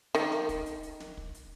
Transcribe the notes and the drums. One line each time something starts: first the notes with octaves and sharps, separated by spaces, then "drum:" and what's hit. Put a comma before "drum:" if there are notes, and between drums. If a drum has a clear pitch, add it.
D#3, drum: hi-hat
drum: snare
drum: kick, hi-hat
drum: hi-hat
drum: hi-hat
drum: snare
drum: kick
drum: hi-hat